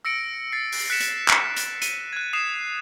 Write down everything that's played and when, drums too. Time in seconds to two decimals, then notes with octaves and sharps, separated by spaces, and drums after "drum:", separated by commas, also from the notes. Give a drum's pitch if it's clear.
0.05 E6 A#6 C#7 D7
0.52 A6 C7
0.72 drum: open hi-hat
0.90 F#6 B6 C#7 E7
1.00 drum: hi-hat
1.28 drum: clap
1.57 drum: hi-hat
1.82 D#7, drum: hi-hat
2.13 F#6 G#6
2.33 D#6 C7 E7